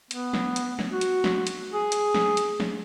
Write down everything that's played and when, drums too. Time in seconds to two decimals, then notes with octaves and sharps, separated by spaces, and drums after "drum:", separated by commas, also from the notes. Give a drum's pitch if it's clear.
0.11 B3, drum: hi-hat
0.33 drum: snare
0.56 drum: hi-hat
0.79 drum: snare
0.91 F#4
1.01 drum: hi-hat
1.24 drum: snare
1.47 drum: hi-hat
1.73 G#4
1.92 drum: hi-hat
2.15 drum: snare
2.37 drum: hi-hat
2.60 drum: snare